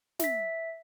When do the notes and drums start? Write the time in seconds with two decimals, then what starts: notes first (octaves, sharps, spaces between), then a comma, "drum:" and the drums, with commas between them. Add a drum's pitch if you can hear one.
0.20 E5 B6, drum: snare